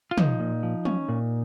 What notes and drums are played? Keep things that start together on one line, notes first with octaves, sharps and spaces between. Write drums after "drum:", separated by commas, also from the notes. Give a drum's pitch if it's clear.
F4
F3 D#4, drum: tom
A#2
F3
C#4, drum: tom
A#2